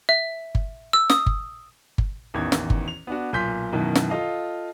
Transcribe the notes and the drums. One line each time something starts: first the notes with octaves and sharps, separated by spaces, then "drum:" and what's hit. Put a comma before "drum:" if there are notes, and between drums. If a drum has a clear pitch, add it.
E5
drum: kick G1
E6
D#6, drum: snare
drum: kick G1
drum: kick G1
A1 E2 D#3 G#6
drum: snare
drum: kick G1
F7
B3 D4 F#4
B1 A#2 G#5 C6 G6 B6
F#2 B2 D#3 E3
drum: snare
F4 A4 D#5 F5